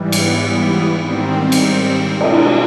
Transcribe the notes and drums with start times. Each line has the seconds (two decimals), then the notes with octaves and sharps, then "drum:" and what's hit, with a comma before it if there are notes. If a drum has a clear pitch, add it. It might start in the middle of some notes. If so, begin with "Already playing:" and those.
Already playing: G#2 E3 G3
0.12 B3, drum: cymbal
1.02 G#2 D#3 G3 C4
1.52 drum: cymbal
2.21 B2 G#3 D4, drum: cymbal